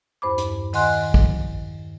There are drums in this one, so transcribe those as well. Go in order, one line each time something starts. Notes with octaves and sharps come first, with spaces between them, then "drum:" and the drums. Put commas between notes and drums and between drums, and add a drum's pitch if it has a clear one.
E2 G2 C5 B5 D6
drum: hi-hat
D#3 D#5 F#5 G#5 C6 F#6, drum: open hi-hat
drum: kick A#1